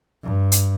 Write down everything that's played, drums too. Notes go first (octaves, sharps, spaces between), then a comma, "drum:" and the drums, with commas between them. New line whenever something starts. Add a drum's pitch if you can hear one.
G2
drum: hi-hat